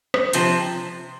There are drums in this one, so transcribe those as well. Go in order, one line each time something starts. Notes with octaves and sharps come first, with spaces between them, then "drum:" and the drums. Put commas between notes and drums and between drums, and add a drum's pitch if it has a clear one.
drum: rim click
C3 F3 C4, drum: hi-hat